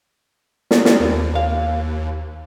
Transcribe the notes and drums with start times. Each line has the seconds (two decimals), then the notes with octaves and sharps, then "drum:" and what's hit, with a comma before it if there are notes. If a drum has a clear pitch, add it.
0.71 drum: snare
0.85 drum: snare
1.00 D#2
1.35 F5